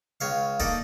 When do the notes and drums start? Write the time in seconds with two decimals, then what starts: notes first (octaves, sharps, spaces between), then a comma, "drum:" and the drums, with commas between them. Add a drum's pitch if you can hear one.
0.21 C#2 C#5 F5
0.60 A#3 D#4 A4 D5, drum: kick